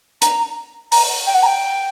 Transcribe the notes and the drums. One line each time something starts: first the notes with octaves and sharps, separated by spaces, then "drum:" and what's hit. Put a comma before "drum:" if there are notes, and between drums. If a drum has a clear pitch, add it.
A#5, drum: hi-hat
A#5, drum: open hi-hat
G5
F#5
A#5
G5